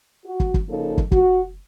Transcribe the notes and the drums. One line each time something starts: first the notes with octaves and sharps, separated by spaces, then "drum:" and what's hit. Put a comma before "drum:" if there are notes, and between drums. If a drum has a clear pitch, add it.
F#4
drum: kick
drum: kick
C#3 F3 A#3 D#4 A4
drum: kick
F#4, drum: kick